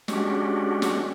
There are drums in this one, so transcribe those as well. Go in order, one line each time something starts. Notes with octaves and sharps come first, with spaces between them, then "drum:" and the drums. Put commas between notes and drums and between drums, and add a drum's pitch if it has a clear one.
G#3 C#4 D4 F#4 G4, drum: snare
drum: snare